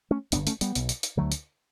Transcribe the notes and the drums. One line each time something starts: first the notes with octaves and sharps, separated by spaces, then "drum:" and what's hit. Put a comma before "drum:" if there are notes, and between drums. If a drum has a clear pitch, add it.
A3 C#4
G1 G2 D3 B3 D4, drum: hi-hat
A3 C#4, drum: hi-hat
G3 B3, drum: hi-hat
B1 B2, drum: hi-hat
drum: hi-hat
drum: hi-hat
D2 D3 F#3 A3
drum: hi-hat